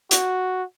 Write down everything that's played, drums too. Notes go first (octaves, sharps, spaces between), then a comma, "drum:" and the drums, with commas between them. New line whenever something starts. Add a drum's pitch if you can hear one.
F#4, drum: hi-hat